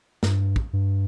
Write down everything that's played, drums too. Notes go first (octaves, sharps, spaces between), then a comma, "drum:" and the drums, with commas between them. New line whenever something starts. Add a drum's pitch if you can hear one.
G2, drum: snare
drum: kick
G2